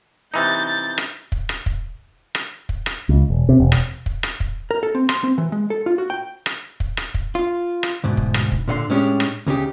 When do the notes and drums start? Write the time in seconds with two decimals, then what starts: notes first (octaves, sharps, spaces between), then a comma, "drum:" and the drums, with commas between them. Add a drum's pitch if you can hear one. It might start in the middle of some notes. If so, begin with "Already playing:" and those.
0.34 C3 E3 D#4 G6 A6
0.98 drum: rim click
1.32 drum: kick
1.49 drum: rim click
1.66 drum: kick
2.35 drum: rim click
2.69 drum: kick
2.86 drum: rim click
3.09 C#2
3.30 E1
3.49 C3
3.60 E1
3.72 drum: rim click
4.06 drum: kick
4.23 drum: rim click
4.40 drum: kick
4.71 A#4
4.83 A4
4.95 C4
5.09 C6, drum: rim click
5.24 C4
5.38 E3
5.52 G#3
5.70 A4
5.86 F4
5.98 F#4
6.10 G5
6.46 drum: rim click
6.80 drum: kick
6.97 drum: rim click
7.14 drum: kick
7.35 F4
7.83 drum: rim click
8.04 D2 G#2 B2
8.17 drum: kick
8.34 drum: rim click
8.51 drum: kick
8.68 A#2 D3 F5 C6
8.90 A2 G#3 C#4 D4 G4
9.20 drum: rim click
9.47 D2 C#3 D#4 G4